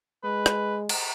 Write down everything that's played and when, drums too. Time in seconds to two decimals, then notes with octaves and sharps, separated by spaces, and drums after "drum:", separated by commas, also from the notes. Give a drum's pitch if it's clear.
0.24 G#3 B4
0.46 drum: rim click
0.89 drum: cymbal